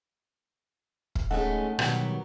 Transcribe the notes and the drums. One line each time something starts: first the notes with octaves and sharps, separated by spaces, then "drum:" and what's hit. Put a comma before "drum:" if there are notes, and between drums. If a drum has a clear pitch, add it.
drum: kick
G#3 A3 C#4 D#4 G#4 A4 F#5
B2 D#3 F#3 G3 B3, drum: rim click